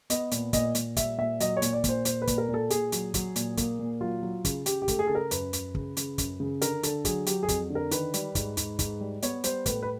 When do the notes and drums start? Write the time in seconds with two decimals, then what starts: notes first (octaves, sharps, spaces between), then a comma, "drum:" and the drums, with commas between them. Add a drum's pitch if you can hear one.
0.10 B3 D#5, drum: hi-hat
0.31 A#2, drum: hi-hat
0.53 A#2 D#5, drum: kick, hi-hat
0.75 A#2, drum: hi-hat
0.96 G3 E5, drum: kick, hi-hat
1.18 A#2 E5
1.40 F#3 D#5, drum: hi-hat
1.57 C#5
1.62 A#2, drum: hi-hat
1.73 D5
1.84 A#2, drum: kick, hi-hat
1.89 C5
2.05 A#2 C5, drum: hi-hat
2.22 B4
2.27 A#2, drum: kick, hi-hat
2.38 A#4
2.49 A#2
2.54 A4
2.70 A#2 G#4, drum: hi-hat
2.92 F#3, drum: hi-hat
3.14 F#3, drum: kick, hi-hat
3.36 A#2, drum: hi-hat
3.57 A#3, drum: kick, hi-hat
3.79 A#2
4.01 F#3 F4
4.23 F#3
4.45 C#3, drum: kick, hi-hat
4.66 C#3 G4, drum: hi-hat
4.82 G4
4.88 A3, drum: kick, hi-hat
4.99 G#4
5.07 C#3 A4
5.15 A#4
5.31 F#2 B4, drum: hi-hat
5.53 F#2, drum: hi-hat
5.75 C#3, drum: kick
5.97 C#3, drum: hi-hat
6.18 F#2, drum: kick, hi-hat
6.40 C#3
6.61 D3 A#4, drum: hi-hat
6.83 D3 A4, drum: hi-hat
7.05 F#3 G#4, drum: kick, hi-hat
7.26 F#3 G4, drum: hi-hat
7.43 G#4
7.48 F2, drum: kick, hi-hat
7.70 D3
7.75 A#4
7.91 D#3 B4, drum: hi-hat
8.14 G3, drum: hi-hat
8.35 G#2, drum: kick, hi-hat
8.57 G#2, drum: hi-hat
8.79 G#2, drum: kick, hi-hat
9.01 G3
9.22 B3 C#5, drum: hi-hat
9.44 G3 C5, drum: hi-hat
9.66 A2 B4, drum: kick, hi-hat
9.83 B4